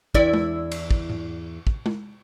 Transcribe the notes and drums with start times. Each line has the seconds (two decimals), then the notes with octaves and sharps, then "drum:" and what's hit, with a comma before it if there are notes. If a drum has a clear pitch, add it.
0.14 E2 E4 D5, drum: kick
0.33 drum: tom G#3
0.72 drum: cymbal
0.91 drum: kick
1.10 drum: tom G#2
1.67 drum: kick
1.86 drum: tom G#3